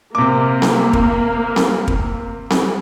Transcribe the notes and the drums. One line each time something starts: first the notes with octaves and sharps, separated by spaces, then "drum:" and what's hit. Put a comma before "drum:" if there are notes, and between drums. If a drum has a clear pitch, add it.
C3 A#3 D6
drum: snare C4
drum: kick
drum: snare C4
drum: kick
drum: snare C4